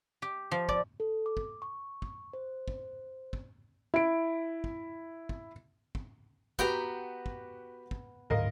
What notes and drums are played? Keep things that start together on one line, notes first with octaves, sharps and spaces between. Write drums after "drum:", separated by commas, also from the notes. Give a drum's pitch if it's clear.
G4
F3
D5, drum: kick
A4
D6
drum: kick
C#6
drum: kick
C5
drum: kick
drum: kick
E4 D7
drum: kick
drum: kick
drum: kick
B3 F#4 G4 B4 G5 A#5, drum: kick
drum: kick
drum: kick
D1 G#2 G#3 A#4 D#5 F5